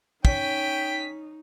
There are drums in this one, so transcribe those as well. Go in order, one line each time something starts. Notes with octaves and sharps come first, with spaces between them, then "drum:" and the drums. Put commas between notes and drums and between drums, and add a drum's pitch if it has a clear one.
C#4 D#4 G5 B6, drum: kick